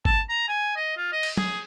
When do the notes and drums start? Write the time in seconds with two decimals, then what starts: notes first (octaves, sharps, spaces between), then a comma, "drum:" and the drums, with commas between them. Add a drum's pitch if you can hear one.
0.05 A5, drum: kick
0.29 A#5
0.48 G#5
0.76 D#5
0.97 F4
1.12 D#5
1.23 drum: cymbal
1.37 G#4, drum: tom F#3